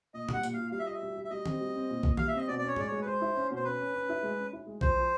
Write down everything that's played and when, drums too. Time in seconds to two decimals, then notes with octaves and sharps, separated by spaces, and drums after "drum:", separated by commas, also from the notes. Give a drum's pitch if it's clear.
0.14 A#2 D#5
0.29 G3 F#5, drum: tom A#2
0.43 A#2, drum: hi-hat
0.53 F4 F5
0.72 G3 F5
0.79 E5
0.86 F4 D#5
0.93 E5
1.02 G3
1.16 G3
1.24 E5
1.30 G3 D#5
1.46 C4, drum: tom
1.61 G3
1.75 C4
1.89 A#2
2.03 A#2, drum: kick B1
2.17 G3 F5, drum: tom
2.28 E5
2.34 C4 D#5
2.48 B2 D5
2.59 D5
2.63 C#4 C#5
2.76 G#3 D5, drum: tom A2
2.86 C#5
2.91 G#3
3.02 B4
3.06 G#3 C5
3.22 E4
3.35 C#4
3.50 B2
3.56 C5
3.64 C#4 B4
3.80 C#4
3.94 C#4
4.09 E4
4.23 G#3
4.38 C#4
4.53 E4
4.67 G#3
4.81 F3 C5, drum: kick B1
4.96 F3